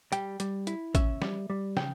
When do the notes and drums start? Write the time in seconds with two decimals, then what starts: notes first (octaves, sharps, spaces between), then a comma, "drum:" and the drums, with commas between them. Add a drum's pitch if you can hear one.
0.12 G3 G5, drum: hi-hat
0.40 G3, drum: hi-hat
0.67 E4, drum: hi-hat
0.95 C#4 E5, drum: kick A1, hi-hat
1.22 G3, drum: snare
1.50 G3
1.77 C#3 G5, drum: snare